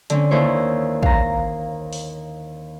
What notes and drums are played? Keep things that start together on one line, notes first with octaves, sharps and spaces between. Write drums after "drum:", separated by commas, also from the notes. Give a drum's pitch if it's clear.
D3 C4 C#4, drum: hi-hat
D#2 E4 C5 C#5
F5 A#5, drum: kick
drum: open hi-hat